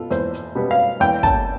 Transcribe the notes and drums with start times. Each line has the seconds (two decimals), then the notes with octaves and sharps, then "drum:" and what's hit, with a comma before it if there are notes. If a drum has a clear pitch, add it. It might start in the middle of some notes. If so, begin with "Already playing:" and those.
Already playing: B2 B3 F4 A4
0.11 E2 C5, drum: hi-hat
0.33 drum: hi-hat
0.55 B2 G3 B3
0.71 F5
1.00 E2 G5, drum: hi-hat
1.23 A5, drum: kick, hi-hat